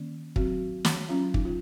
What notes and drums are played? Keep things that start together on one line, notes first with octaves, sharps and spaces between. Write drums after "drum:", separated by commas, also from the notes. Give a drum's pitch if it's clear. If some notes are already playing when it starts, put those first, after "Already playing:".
Already playing: D#3 A#3 C#4
F#3 C4 F#4, drum: kick
drum: snare
F#3 C#4 F4
D#4, drum: kick
F4